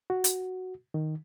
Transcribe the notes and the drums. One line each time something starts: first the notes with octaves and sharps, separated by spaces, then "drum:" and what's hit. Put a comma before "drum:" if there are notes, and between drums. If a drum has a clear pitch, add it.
F#4
drum: hi-hat
D#3